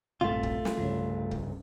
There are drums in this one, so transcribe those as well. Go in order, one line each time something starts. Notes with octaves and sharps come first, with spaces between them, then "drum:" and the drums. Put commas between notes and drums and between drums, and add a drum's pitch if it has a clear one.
A#1 G2 C3 A3 F4
drum: kick C#1
drum: snare
C2 G2 C#3 F3 C#4
drum: kick C#1